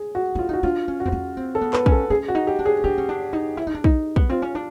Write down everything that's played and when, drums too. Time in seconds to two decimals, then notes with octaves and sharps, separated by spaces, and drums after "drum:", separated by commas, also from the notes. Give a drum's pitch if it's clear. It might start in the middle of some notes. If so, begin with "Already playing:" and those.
Already playing: G#4
0.15 F#4
0.35 E4 F4
0.49 D#4 F#4
0.63 D4 F4
0.88 C#4
1.00 F#4
1.06 C4, drum: tom E2
1.12 C#4
1.37 C4
1.55 A4
1.61 B3
1.73 B4, drum: clap
1.86 C#4, drum: kick
1.92 A4
2.10 C#4 G#4
2.28 F#4
2.35 D#4
2.47 G4
2.59 D4
2.66 G#4
2.84 D4 G4
2.98 C#4
3.09 D4
3.33 D#4
3.57 E4
3.67 D#4
3.75 D4
3.84 D#4, drum: kick
4.16 B3, drum: kick
4.29 C4 F4
4.42 C#4
4.55 D4